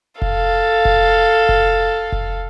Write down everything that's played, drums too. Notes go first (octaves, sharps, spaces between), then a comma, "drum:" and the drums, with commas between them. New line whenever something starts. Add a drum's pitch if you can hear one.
A4 F5, drum: kick F1
drum: kick F1
drum: kick F1
drum: kick F1